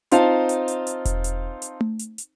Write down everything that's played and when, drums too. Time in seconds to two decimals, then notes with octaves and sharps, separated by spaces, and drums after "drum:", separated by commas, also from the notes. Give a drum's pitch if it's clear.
0.11 C4 D#4 F4 C5 F5 A5, drum: hi-hat
0.49 drum: hi-hat
0.68 drum: hi-hat
0.87 drum: hi-hat
1.05 drum: kick E1, hi-hat
1.24 drum: hi-hat
1.62 drum: hi-hat
1.81 drum: tom A3
1.99 drum: hi-hat
2.18 drum: hi-hat